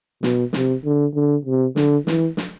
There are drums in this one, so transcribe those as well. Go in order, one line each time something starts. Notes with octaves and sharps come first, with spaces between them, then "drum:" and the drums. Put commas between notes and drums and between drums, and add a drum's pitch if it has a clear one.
B2, drum: snare
C3, drum: snare
D3
D3
C3
D3, drum: snare
E3, drum: snare
drum: snare